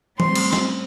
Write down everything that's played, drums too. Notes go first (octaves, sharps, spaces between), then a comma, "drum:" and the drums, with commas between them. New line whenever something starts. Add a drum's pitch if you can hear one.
A2 G3 C4 C6, drum: tom E3
drum: cymbal
drum: snare